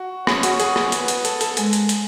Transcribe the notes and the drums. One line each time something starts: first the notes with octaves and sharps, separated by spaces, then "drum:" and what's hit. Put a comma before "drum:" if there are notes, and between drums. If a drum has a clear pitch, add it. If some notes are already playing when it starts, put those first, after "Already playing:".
Already playing: F#4
C#4 G#4, drum: rim click
F#4, drum: hi-hat
G#4, drum: hi-hat
drum: rim click
B3, drum: hi-hat
drum: hi-hat
A4, drum: hi-hat
A4, drum: hi-hat
G#3 G#5, drum: hi-hat
drum: hi-hat
drum: hi-hat